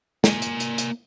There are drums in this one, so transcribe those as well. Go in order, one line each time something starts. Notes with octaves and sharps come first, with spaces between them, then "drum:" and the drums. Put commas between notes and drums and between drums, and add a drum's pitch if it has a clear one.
A#3 G#5, drum: snare
drum: hi-hat
drum: hi-hat
drum: hi-hat